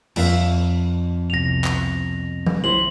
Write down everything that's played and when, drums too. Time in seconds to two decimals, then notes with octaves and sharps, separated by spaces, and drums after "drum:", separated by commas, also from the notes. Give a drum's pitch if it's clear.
0.16 F2 E5 F5, drum: cymbal
1.30 C2 B2 A#6 F7
1.64 drum: clap
2.46 drum: tom F#3
2.64 D3 E3 E4 C5 F#7